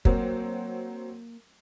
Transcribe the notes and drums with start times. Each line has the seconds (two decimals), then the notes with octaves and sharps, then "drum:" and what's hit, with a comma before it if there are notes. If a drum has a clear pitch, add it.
0.05 F#3 A#3 C4, drum: kick